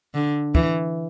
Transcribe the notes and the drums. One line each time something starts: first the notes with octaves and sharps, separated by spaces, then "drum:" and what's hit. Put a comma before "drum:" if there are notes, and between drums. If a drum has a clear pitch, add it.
D3
E3, drum: kick